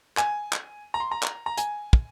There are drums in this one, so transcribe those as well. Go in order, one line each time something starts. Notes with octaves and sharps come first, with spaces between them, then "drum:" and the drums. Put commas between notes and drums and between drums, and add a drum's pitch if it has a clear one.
G#5, drum: clap
drum: clap
A#5
C6
A#5
drum: clap
A#5
G#5, drum: hi-hat
drum: kick